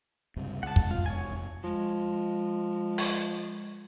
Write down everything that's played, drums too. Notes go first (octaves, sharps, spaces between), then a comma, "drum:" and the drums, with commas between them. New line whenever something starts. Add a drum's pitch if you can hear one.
C#2 G2 C3
C#2 F#5 A5
F1 E2 G#3, drum: kick
F4
C#5 G#5
F3 G#3
drum: open hi-hat